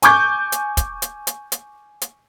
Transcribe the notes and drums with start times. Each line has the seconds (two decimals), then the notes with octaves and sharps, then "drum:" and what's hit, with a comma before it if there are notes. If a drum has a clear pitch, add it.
0.02 G#5 C#6 D6 G6, drum: hi-hat
0.52 drum: hi-hat
0.77 drum: kick, hi-hat
1.02 drum: hi-hat
1.27 drum: hi-hat
1.52 drum: hi-hat
2.01 drum: hi-hat